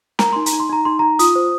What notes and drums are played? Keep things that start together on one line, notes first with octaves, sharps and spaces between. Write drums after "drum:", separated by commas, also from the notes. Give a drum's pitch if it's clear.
A#4 A#5, drum: snare
D#4 C6
A#5, drum: hi-hat
D#4
C6
D#4 A#5
D#4 C6
D#4 A#5
F4 D#6, drum: hi-hat
C5